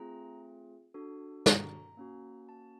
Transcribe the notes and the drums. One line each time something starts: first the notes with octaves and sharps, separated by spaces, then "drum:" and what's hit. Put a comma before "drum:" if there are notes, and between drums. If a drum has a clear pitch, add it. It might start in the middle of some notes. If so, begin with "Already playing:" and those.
Already playing: A3 C4 F4 G#4 A#5
D4 F#4 A4
A#5, drum: snare
A#3 C#4 F#4
A5